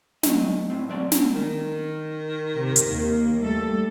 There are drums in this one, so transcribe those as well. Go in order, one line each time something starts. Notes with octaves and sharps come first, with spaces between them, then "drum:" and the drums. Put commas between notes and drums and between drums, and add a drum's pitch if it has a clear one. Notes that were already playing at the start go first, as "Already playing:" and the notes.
F#3 A3 D#5, drum: snare
A2 C4
B2 F#3 C4 D5
drum: snare
D#3
C3 A#4
drum: hi-hat
D#2 A#3
G3 A3 A4